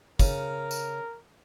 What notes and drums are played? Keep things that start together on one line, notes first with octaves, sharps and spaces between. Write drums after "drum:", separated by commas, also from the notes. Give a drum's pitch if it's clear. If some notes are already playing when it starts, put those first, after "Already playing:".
C#3 A#4, drum: kick, tambourine
drum: tambourine